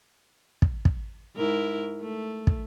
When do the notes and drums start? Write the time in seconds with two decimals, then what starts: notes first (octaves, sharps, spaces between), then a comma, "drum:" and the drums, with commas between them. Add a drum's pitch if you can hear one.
0.62 drum: kick
0.85 drum: kick
1.37 G#2 E4 A#4
2.01 A3
2.47 drum: kick